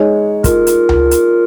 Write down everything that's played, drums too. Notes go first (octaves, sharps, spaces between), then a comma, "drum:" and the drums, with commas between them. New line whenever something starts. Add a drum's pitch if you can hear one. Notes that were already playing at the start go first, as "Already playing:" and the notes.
Already playing: G#3 D#4 C#5
F4 A#4, drum: kick, hi-hat
drum: hi-hat
drum: tom C#2
drum: hi-hat